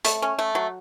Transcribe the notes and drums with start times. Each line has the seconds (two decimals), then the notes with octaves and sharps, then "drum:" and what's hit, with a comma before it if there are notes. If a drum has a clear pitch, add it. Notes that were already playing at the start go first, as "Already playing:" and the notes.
0.05 A3, drum: hi-hat
0.22 C#4
0.39 A3
0.55 F#3